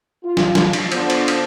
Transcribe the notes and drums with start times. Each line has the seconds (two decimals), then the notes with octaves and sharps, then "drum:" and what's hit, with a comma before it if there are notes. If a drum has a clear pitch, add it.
0.24 F4
0.37 drum: snare
0.55 drum: snare
0.73 drum: cymbal
0.92 D3 B3 D4 F4 C5, drum: cymbal
1.10 drum: cymbal
1.28 drum: cymbal